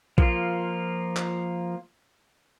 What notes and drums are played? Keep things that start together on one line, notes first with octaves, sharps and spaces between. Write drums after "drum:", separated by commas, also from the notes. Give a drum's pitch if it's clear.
F3 A#3 F4, drum: kick A#1
drum: clap